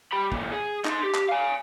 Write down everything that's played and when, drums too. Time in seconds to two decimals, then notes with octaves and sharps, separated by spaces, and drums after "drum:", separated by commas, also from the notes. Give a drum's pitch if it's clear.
0.13 G3 B5
0.32 A#2 E3, drum: kick
0.52 G#4
0.85 D#4 C6, drum: clap
1.03 G4
1.15 drum: clap
1.29 F5 G#5